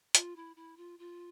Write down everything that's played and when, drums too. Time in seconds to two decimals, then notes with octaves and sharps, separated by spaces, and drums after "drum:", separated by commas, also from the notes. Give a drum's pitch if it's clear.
0.15 F4, drum: hi-hat
0.36 E4
0.56 E4
0.77 F4
0.99 F4